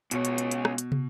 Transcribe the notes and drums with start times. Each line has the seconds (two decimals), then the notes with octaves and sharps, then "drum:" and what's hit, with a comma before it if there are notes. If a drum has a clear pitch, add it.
0.11 C#2 B2 C#5, drum: hi-hat
0.25 drum: hi-hat
0.38 drum: hi-hat
0.52 drum: hi-hat
0.65 drum: rim click
0.78 drum: hi-hat
0.92 drum: tom